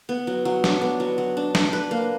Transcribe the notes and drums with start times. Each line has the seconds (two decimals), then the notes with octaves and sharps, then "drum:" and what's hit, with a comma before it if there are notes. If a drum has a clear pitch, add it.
0.09 B3
0.27 F#3
0.45 F#3
0.64 D4, drum: snare
0.82 B3
1.00 F#3
1.18 F#3
1.37 D4
1.55 D4, drum: snare
1.73 B4
1.91 A#3